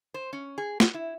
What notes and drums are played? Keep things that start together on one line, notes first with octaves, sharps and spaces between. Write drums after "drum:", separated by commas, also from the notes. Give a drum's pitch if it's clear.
C5
C#4
G#4
F#4, drum: snare
E4